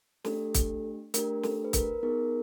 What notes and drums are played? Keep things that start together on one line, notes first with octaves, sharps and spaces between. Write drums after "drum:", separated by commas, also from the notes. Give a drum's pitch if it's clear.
A3 D4 G4 A4, drum: snare
drum: kick, hi-hat
A3 D4 G4 A#4, drum: hi-hat
A4, drum: snare
B4
A#4, drum: kick, hi-hat
B3 D#4 G#4 A#4